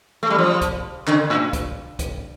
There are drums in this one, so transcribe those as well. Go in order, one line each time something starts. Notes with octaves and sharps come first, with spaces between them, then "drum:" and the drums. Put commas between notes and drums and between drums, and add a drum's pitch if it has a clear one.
A3
G3
F3
drum: kick, hi-hat
D3, drum: clap
A2
drum: kick, hi-hat
drum: kick, hi-hat